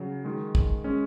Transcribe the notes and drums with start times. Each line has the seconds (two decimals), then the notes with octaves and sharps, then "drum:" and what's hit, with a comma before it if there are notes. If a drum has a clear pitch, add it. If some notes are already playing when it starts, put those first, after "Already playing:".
Already playing: C#3 F#3
0.25 D#3 G#3
0.55 drum: kick
0.84 G#3 C#4